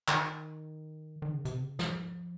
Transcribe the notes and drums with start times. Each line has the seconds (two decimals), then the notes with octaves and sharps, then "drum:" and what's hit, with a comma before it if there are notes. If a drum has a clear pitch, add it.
0.08 D#3, drum: clap
1.22 D#3
1.33 C#3
1.45 C3, drum: hi-hat
1.62 C#3
1.79 F3, drum: snare